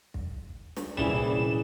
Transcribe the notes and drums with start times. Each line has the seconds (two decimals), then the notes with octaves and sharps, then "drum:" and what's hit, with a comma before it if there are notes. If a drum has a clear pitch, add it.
0.14 drum: kick
0.77 drum: snare
0.97 C2 A#2 E3 G3 C#4 E4 G#4 E7, drum: kick